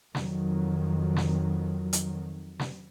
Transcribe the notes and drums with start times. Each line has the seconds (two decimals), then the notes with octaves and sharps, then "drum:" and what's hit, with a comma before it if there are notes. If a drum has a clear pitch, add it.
0.15 F2 D#3 F#3, drum: snare
1.16 drum: snare
1.93 drum: hi-hat
2.59 drum: snare